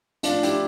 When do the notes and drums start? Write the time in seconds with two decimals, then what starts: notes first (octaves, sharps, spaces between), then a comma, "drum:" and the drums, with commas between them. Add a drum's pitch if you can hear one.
0.23 A2 F3 D4 F4, drum: hi-hat
0.43 E4 G4, drum: hi-hat